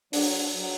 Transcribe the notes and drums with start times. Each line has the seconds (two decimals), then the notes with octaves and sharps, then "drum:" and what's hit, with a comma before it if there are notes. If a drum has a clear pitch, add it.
0.13 F#3 D4, drum: open hi-hat
0.56 F#3